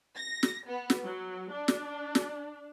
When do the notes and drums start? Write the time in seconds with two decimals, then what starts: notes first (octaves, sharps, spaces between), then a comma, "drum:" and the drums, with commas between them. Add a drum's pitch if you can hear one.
0.16 A#6
0.43 drum: snare
0.68 B3
0.90 drum: snare
1.05 F#3
1.52 D4
1.68 drum: snare
2.15 drum: snare